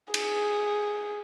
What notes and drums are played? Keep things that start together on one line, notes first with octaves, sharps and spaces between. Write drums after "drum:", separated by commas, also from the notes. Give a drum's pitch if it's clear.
G#4, drum: cymbal